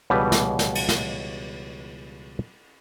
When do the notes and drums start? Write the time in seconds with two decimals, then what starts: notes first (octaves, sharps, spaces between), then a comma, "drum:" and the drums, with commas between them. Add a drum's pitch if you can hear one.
0.10 C#2 B2 E3 G3 A4 B4
0.32 drum: snare
0.59 drum: snare
0.75 drum: cymbal
0.89 drum: snare